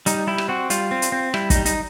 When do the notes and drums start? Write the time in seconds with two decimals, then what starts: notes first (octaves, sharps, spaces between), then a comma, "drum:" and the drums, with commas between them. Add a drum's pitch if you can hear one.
0.06 G3 D#4, drum: hi-hat
0.27 G3 E4
0.38 drum: rim click
0.48 C4 F#4
0.70 G3 F4, drum: hi-hat
0.91 C4
1.02 drum: hi-hat
1.12 C4
1.34 G3 E4, drum: rim click
1.50 D#4, drum: kick, hi-hat
1.55 G3
1.66 D#4, drum: hi-hat